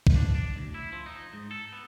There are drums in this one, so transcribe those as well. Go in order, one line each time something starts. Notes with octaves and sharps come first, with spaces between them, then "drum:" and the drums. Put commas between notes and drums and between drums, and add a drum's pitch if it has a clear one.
drum: kick
D4
D4
D2
E4
F3
D#4
G#2
A4
B3